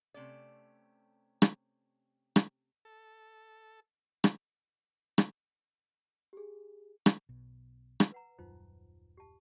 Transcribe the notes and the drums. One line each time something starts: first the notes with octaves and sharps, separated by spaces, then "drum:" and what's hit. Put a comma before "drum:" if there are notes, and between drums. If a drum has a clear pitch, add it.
C3 A3 C#4 D5
drum: rim click
drum: rim click
A4
drum: rim click
drum: rim click
G4 G#4
drum: rim click
B1 B2
drum: rim click
B4 F#5 A#5
D#1 F#2 D#4 F4 C5
G4 A5